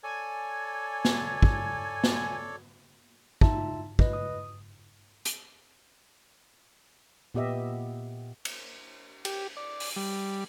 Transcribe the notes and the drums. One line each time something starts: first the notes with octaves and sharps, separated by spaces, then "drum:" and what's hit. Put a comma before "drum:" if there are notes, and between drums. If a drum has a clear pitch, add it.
A4 C#5 D5 G#5
drum: snare
drum: kick
drum: snare
D#4 F4 E5 A5, drum: kick
B4 D#5, drum: kick
D#6
drum: hi-hat
A#2 B3 G4 D#5 E5
drum: cymbal
G4, drum: cymbal
D5
drum: open hi-hat
G3